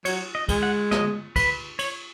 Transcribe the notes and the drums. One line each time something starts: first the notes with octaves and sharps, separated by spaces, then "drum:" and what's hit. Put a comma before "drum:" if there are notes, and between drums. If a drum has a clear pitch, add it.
F#3 C#5, drum: cymbal
D#5
G#3, drum: kick C#2, cymbal
F#5
D#5, drum: snare
B4, drum: kick C#2, cymbal
C#5, drum: cymbal